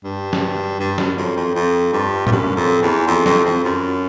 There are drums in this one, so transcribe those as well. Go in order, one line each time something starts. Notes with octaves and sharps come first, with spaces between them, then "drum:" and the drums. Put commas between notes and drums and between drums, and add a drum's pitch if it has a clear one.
G2
drum: snare
G2
F#2, drum: snare
F2
F2
F2
G2
G2, drum: tom A2
F#2
F2
E2
F2
F2, drum: snare
F2
F#2